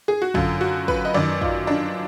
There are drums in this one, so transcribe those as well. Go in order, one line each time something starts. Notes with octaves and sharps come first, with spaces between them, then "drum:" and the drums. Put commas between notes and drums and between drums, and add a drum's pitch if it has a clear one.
G#4
F#4
F#2 D3 F4, drum: kick
F#4
B4, drum: kick
D#5
F#2 D#3 D5
F4, drum: kick
D4